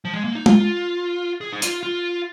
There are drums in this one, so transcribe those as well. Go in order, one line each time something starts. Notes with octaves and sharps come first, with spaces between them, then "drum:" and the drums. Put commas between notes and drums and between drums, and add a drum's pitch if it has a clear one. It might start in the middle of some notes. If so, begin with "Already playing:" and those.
F3
G#3
A#3
D#4
F4, drum: tom G#3
G#4
D#4
F4, drum: hi-hat
F4